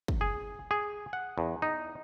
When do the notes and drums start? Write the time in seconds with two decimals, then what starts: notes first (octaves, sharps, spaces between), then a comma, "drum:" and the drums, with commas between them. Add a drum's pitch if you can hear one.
0.08 drum: kick
0.21 G#4
0.71 G#4
1.13 F#5
1.38 E2
1.62 D#4